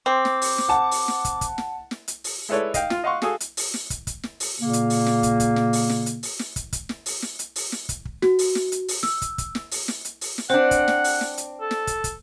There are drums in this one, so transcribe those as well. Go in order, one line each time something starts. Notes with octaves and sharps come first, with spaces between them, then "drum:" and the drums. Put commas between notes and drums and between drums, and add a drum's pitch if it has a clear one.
C4 D6
drum: snare
drum: open hi-hat
drum: snare
F#5 A5
drum: open hi-hat
drum: snare
drum: kick, hi-hat
drum: kick, hi-hat
drum: snare
drum: snare
drum: hi-hat
drum: open hi-hat
G#3 E4 A4 B4 C#5 D5
D#5 F5 G5, drum: kick, hi-hat
F4, drum: snare
D#5 F5 F#5 C6 C#6
F#4 G#4 A4 F5 G#5 D#6, drum: snare
drum: hi-hat
drum: open hi-hat
drum: snare
drum: kick, hi-hat
drum: kick, hi-hat
drum: snare
drum: open hi-hat
A#2 C#3 A#3
drum: hi-hat
drum: open hi-hat
drum: snare
drum: kick, hi-hat
drum: kick, hi-hat
drum: snare
drum: open hi-hat
drum: snare
drum: hi-hat
drum: open hi-hat
drum: snare
drum: kick, hi-hat
drum: kick, hi-hat
drum: snare
drum: open hi-hat
drum: snare
drum: hi-hat
drum: open hi-hat
drum: snare
drum: kick, hi-hat
drum: kick
F#4, drum: snare
drum: open hi-hat
drum: snare
drum: hi-hat
drum: open hi-hat
E6, drum: snare
drum: kick, hi-hat
drum: kick, hi-hat
drum: snare
drum: open hi-hat
drum: snare
drum: hi-hat
drum: open hi-hat
drum: snare
C4 D4 C5 F#5
drum: kick, hi-hat
drum: snare
drum: open hi-hat
drum: snare
drum: hi-hat
A4
drum: snare
drum: kick, hi-hat
drum: kick, hi-hat